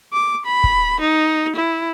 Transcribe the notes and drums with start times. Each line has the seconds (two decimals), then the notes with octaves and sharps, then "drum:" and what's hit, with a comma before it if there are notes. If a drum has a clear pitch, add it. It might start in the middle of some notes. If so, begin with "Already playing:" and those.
0.13 D6
0.46 B5
0.64 drum: kick
1.00 D#4
1.55 E4